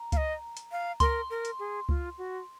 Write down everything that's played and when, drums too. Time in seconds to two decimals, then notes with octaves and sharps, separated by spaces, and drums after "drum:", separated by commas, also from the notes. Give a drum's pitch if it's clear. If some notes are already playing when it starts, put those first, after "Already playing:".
Already playing: A#5
0.12 F5, drum: kick C#2, hi-hat
0.17 D#5
0.57 drum: hi-hat
0.72 F5
1.00 A#4 C6, drum: kick C#2, hi-hat
1.30 A#4
1.45 drum: hi-hat
1.59 G#4
1.89 F4, drum: kick C#2
2.18 F#4